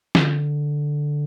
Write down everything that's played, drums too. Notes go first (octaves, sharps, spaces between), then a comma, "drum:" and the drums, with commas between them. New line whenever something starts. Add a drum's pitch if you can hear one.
D3, drum: snare